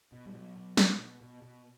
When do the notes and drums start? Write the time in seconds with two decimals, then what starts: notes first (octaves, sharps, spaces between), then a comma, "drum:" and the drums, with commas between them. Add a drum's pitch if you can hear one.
0.12 B2
0.26 G3
0.34 B2 F#3
0.56 B2
0.77 B2, drum: snare
0.99 B2
1.21 B2
1.42 B2